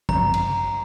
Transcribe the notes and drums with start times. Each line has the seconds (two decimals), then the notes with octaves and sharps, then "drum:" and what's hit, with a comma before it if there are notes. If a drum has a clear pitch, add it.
0.09 A#5, drum: kick
0.34 drum: cymbal